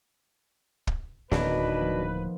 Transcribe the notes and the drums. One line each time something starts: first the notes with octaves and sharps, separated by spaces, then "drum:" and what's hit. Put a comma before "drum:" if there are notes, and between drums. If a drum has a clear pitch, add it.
drum: kick
D1 D#2 F#3 D4 B4, drum: snare
F3 B3